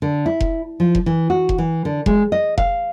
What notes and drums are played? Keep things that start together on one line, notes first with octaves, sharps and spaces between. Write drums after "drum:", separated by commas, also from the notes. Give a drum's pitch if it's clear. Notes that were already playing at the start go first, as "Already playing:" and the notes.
D3
E4
drum: kick F1
F3
drum: kick F1
E3
F#4
drum: kick F1
E3
D3
G#3, drum: kick F1
D#5
F5, drum: kick F1